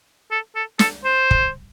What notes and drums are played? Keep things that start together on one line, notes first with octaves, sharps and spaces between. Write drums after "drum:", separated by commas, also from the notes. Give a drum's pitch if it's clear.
A4
A4
A4, drum: snare
C5
drum: kick